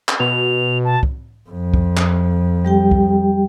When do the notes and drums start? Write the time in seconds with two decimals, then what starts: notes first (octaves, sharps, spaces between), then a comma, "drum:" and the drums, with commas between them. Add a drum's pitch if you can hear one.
0.09 drum: clap
0.20 B2 F7
0.84 A5
1.03 drum: kick
1.50 F2
1.74 drum: kick
1.97 drum: clap
2.65 G3 G4 G5
2.91 drum: kick